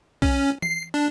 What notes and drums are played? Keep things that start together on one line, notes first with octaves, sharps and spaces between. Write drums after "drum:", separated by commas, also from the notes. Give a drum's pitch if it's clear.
C#4, drum: kick B1
C7, drum: tom E3
D4